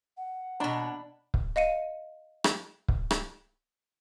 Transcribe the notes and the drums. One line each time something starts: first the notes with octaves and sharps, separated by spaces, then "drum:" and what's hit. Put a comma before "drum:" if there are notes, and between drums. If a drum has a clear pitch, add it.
F#5
B2 D4 C#5 B5
drum: kick
D#5 F5 C#7 D#7
drum: rim click
drum: kick
drum: rim click